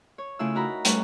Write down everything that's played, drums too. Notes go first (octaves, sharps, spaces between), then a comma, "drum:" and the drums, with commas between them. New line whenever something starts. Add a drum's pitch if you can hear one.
C#5
C#3 A3 E4 F4 E6
D#4 F#4 A#4 A#5 B5
G3 A3 C#4 B4 C#5, drum: hi-hat